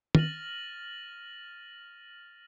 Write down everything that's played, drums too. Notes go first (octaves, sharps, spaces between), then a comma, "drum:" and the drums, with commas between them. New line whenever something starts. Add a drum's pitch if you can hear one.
F6 A6 A#6 D#7 F7 F#7, drum: tom